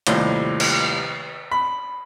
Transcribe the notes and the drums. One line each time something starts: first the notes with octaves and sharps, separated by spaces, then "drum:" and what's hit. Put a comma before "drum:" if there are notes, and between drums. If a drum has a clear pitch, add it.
D#2 A2 C3 F3 G3, drum: hi-hat
drum: cymbal
B5